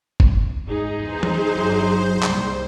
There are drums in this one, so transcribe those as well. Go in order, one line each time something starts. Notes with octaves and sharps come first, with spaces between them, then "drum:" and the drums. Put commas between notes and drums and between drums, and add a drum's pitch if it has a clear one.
drum: kick
G#2 D#4 G#4
E2 C5
drum: tom E3
G1 F#3
C2 A#2 G3, drum: clap